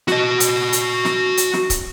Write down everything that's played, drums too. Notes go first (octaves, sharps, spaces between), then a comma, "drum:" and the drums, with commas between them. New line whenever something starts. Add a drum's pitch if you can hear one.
F#4 D#5, drum: snare
drum: hi-hat
drum: hi-hat
drum: snare
drum: hi-hat
drum: snare
drum: kick, hi-hat